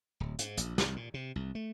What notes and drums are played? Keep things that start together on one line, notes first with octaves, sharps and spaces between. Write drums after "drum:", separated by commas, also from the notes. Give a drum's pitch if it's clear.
D1
G#2, drum: hi-hat
A#1, drum: hi-hat
C2, drum: snare
A#2
C3
C2
A3